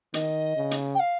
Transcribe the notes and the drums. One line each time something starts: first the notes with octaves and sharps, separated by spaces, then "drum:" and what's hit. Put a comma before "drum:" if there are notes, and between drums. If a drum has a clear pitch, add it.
D#3 D#5, drum: hi-hat
C#3
drum: hi-hat
G5
F5